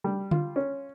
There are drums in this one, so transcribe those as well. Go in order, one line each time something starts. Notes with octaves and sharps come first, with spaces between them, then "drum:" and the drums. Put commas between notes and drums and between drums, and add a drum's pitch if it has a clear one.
G3
F4, drum: tom D3
C#4